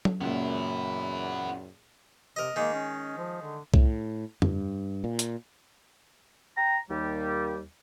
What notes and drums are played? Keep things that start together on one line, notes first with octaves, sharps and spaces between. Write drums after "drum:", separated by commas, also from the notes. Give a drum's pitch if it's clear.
drum: tom
C#2 F#2 A#2 B3 E4
C3 A#4 D#5
D#3 G#3 A#3
C#4
F3
D3
A2, drum: kick C2
G2, drum: tom F2
A#2
drum: hi-hat
G5 A#5
D#2 G3